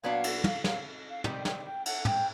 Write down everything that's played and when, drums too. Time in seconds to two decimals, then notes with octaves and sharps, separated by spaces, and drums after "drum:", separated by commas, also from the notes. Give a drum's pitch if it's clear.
0.03 A#2 F#3 B3 D4 F#4 F5
0.24 drum: cymbal
0.44 F5, drum: tom
0.64 F5, drum: snare
0.94 D#5
1.09 F5
1.24 C3 D#3 G3 G5, drum: tom
1.45 G5, drum: snare
1.64 G5
1.86 F#5, drum: cymbal
2.05 G5, drum: tom